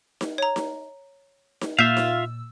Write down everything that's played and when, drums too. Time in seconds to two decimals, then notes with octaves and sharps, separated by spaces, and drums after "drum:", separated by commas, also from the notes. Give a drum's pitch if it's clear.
0.21 drum: snare D#4
0.38 C#5 A#5
0.56 drum: snare D#4
1.61 drum: snare D#4
1.79 A#2 F4 E5 F5 E6 G6 B6 C7
1.97 drum: snare D#4